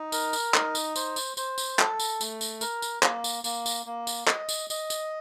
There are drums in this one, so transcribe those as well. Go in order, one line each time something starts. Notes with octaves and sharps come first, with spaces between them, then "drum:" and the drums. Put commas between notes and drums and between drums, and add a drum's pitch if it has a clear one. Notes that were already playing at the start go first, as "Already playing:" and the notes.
Already playing: D#4
A#4, drum: tambourine
drum: tambourine
D#4, drum: clap
drum: tambourine
C5, drum: tambourine
drum: tambourine
C5, drum: tambourine
drum: tambourine
A4, drum: clap
drum: tambourine
A3, drum: tambourine
drum: tambourine
A#4, drum: tambourine
drum: tambourine
A#3, drum: clap
drum: tambourine
A#3, drum: tambourine
drum: tambourine
A#3
drum: tambourine
D#5, drum: clap
drum: tambourine
D#5, drum: tambourine
drum: tambourine